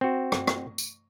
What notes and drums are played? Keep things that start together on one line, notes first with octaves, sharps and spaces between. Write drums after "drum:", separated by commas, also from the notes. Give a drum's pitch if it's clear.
C4 F#4
drum: rim click
drum: rim click
drum: tambourine